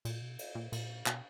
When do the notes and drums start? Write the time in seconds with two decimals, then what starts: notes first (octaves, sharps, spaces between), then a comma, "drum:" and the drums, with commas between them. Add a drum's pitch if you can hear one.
0.05 A#2, drum: cymbal
0.22 B2
0.39 drum: cymbal
0.55 A#2
0.72 A#2, drum: cymbal
1.06 B2, drum: clap